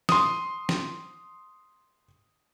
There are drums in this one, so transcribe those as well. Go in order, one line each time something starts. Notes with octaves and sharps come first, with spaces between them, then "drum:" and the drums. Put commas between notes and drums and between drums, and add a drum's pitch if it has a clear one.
C6 D#6, drum: snare
drum: snare